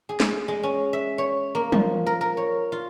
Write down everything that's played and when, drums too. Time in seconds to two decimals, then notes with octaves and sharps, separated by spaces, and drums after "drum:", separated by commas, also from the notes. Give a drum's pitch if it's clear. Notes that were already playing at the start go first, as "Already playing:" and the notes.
0.09 G#4
0.20 drum: snare
0.48 G#3
0.63 C#4
0.93 E5
1.18 C#5
1.55 A#3
1.72 F3, drum: tom
2.06 A#4
2.21 A#4
2.37 C#5
2.72 F4